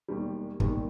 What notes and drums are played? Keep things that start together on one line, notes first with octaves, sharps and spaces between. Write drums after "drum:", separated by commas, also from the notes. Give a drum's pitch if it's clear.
E1 D#2 D#3 G3
E1 D#2 D#3 G3, drum: kick